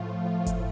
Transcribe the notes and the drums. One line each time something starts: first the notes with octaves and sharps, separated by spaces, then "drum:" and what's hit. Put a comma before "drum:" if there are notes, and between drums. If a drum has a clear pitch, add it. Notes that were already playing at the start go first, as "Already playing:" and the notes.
Already playing: A2 F3 A3 F4
drum: kick G1, hi-hat